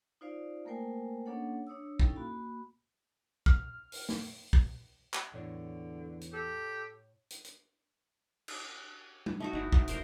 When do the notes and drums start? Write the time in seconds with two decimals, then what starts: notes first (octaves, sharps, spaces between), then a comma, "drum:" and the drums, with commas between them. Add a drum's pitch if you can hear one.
0.21 D#4 F4 C5 D5 F5
0.65 A3 A#3 A#4 C5 G5 G#5
1.26 A#3 C#4 D4 A4 C#5 F#5
1.67 D4 C#5 D#6 E6
2.00 C#4 D#4 E4 A4 F5 G5, drum: kick
2.16 A#3 F#4 B5
3.46 F6, drum: kick
3.92 drum: open hi-hat
4.09 drum: snare
4.53 drum: kick
5.14 drum: clap
5.34 E2 A2 D3 C#5
6.21 drum: hi-hat
6.33 G4 A4
7.30 drum: hi-hat
7.44 drum: hi-hat
8.48 drum: cymbal
9.26 drum: tom G3
9.40 A3 D#4 F#4
9.53 G1 D#4 E4
9.72 G#2, drum: kick
9.88 E1 A#4 C5 D5, drum: hi-hat